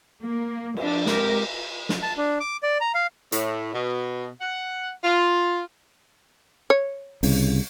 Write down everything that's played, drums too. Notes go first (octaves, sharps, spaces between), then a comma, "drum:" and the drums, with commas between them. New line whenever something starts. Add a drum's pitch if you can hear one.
A#3
F3 D4, drum: cymbal
C3 G#3 G4 A#4, drum: snare
drum: snare
A5
D4
D6
D5
A#5
F5
A2, drum: hi-hat
B2
F#5
F4
C#5
C2 C#3, drum: open hi-hat